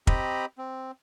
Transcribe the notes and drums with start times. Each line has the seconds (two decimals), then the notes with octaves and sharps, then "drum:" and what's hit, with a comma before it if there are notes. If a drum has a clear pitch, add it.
0.07 C4 G4 D#5 A#5 B5, drum: kick
0.58 C4